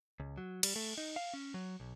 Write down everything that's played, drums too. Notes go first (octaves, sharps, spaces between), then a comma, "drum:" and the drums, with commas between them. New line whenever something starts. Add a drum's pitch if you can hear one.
C#2
F#3
G3, drum: cymbal
A3
D#4
F5
C#4
F#3
B1